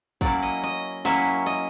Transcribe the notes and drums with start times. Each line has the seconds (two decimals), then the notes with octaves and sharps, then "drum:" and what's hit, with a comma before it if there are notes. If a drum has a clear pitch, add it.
0.21 F#3 A#3 C#4 E4 D5, drum: kick, tambourine
0.43 D#5
0.63 D#5, drum: tambourine
1.05 F#3 A#3 C#4 E4 E5, drum: snare
1.46 D#5, drum: tambourine